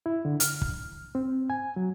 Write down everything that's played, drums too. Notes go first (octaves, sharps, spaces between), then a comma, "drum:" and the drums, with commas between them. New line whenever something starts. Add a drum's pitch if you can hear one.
E4
D3
F6, drum: hi-hat
drum: kick
C4
G#5
F#3